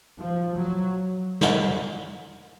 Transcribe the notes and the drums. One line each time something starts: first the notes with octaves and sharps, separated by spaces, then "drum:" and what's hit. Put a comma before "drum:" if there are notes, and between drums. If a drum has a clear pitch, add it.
F3
F#3
drum: snare